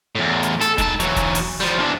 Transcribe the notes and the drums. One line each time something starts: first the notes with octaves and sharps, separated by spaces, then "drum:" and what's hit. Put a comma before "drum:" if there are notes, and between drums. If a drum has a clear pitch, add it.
E2 A2
drum: hi-hat
A4, drum: snare
G#2 A5, drum: kick E1, hi-hat
E3 F#3, drum: hi-hat
drum: kick E1, hi-hat
drum: open hi-hat
F3 G3
E2 D4